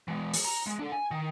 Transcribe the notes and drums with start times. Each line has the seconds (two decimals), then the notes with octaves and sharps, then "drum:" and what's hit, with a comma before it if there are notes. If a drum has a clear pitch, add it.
0.08 E3 G#3
0.34 drum: open hi-hat
0.45 A#5
0.67 G#3
0.79 D4 A4
0.92 G#5
1.11 D#3